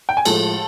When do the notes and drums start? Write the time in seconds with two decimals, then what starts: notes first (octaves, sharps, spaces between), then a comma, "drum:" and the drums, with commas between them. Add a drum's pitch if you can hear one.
0.09 G5
0.17 G#5
0.25 A2 F3 G#3 A4 A5, drum: cymbal